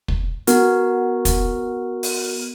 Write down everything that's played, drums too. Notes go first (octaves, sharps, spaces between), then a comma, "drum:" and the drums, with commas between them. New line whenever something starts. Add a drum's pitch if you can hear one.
drum: kick
B3 F#4 A#4, drum: hi-hat
drum: kick, hi-hat
drum: open hi-hat